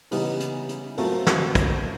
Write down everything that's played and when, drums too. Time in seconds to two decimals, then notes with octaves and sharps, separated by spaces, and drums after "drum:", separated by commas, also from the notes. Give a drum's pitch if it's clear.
0.11 C#3 E3 G3 B3 D#4, drum: open hi-hat
0.40 drum: hi-hat
0.69 drum: hi-hat
0.97 F#3 A3 C4 F4 A#4, drum: open hi-hat
1.27 drum: snare
1.55 drum: kick, hi-hat